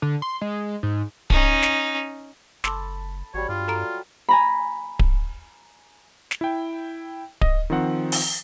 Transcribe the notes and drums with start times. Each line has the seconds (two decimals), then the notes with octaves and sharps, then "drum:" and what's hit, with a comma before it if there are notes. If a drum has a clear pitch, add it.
0.02 D3
0.22 C6
0.41 G#3
0.83 G#2
1.30 C#4 D#4, drum: kick D1
1.62 drum: snare
2.64 F#1 A4 A5 B5 C6 D6 E6, drum: snare
3.34 G#1 F#3 G3 C#5 B5
3.49 G2 F4 D5
3.68 A4 A#5 D7
4.29 G#5 A#5 B5
4.99 drum: kick D1
6.31 drum: snare
6.41 E4 G5
7.41 D#5, drum: kick D1
7.70 D#3 F3 C4 F#5
8.12 drum: open hi-hat